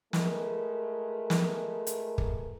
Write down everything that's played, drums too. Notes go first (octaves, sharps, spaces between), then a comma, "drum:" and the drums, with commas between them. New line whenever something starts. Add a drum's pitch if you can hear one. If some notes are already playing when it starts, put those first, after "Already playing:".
G#3 A3 F4 A#4 B4, drum: snare
drum: snare
drum: hi-hat
drum: kick